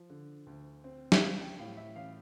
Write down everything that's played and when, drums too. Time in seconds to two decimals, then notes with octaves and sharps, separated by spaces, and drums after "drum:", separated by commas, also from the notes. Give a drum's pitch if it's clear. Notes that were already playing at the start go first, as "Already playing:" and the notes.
Already playing: F3
0.10 D3
0.47 D2
0.84 C4
1.12 G5, drum: snare
1.21 G3 F5
1.40 G5
1.59 A2 F5
1.77 E5
1.96 A1 F5